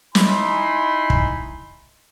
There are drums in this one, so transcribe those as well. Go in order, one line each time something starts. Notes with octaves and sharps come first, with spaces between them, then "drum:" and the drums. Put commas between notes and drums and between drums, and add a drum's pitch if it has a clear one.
D#4 E4 G#5 B5 C6, drum: snare
drum: kick